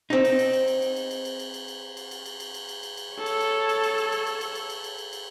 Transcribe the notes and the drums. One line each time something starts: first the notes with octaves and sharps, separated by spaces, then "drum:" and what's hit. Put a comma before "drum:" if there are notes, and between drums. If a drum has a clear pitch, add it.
C4 D#4
drum: cymbal
drum: cymbal
drum: cymbal
drum: cymbal
drum: cymbal
drum: cymbal
drum: cymbal
drum: cymbal
drum: cymbal
drum: cymbal
drum: cymbal
drum: cymbal
drum: cymbal
drum: cymbal
drum: cymbal
drum: cymbal
drum: cymbal
drum: cymbal
drum: cymbal
A4 C#5
drum: cymbal
drum: cymbal
drum: cymbal
drum: cymbal
drum: cymbal
drum: cymbal
drum: cymbal
drum: cymbal
drum: cymbal
drum: cymbal
drum: cymbal
drum: cymbal
drum: cymbal